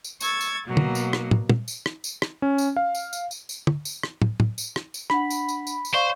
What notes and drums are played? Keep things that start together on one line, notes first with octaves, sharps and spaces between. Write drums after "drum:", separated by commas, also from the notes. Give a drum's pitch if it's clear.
drum: tambourine
C#6 E6 G#6 A6, drum: tambourine
drum: tambourine
B2 F#3 A#3
drum: tom
drum: tambourine
drum: rim click
drum: tom
drum: tom
drum: tambourine
drum: rim click
drum: tambourine
drum: rim click
C#4
drum: tambourine
F5
drum: tambourine
drum: tambourine
drum: tambourine
drum: tambourine
drum: tom
drum: tambourine
drum: rim click
drum: tom
drum: tom
drum: tambourine
drum: rim click
drum: tambourine
D4 F#5 B5, drum: rim click
drum: tambourine
drum: tambourine
drum: tambourine
drum: tambourine
C5 D5 F5 C#6